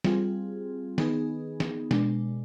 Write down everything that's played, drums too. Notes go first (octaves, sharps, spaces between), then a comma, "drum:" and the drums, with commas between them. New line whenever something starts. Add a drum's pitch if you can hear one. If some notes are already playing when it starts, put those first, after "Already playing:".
G3 C4 F4 G#4, drum: snare
D#3 B3 D#4 G#4, drum: snare
drum: snare
B2 G#3 D4, drum: snare